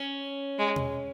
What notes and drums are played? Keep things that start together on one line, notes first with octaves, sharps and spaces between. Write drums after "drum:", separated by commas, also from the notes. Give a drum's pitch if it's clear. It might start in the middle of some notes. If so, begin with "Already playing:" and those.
Already playing: C#4
G#3
drum: tom B2